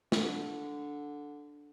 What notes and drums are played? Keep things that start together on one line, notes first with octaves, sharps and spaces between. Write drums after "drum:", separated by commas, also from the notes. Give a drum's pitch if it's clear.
D3, drum: snare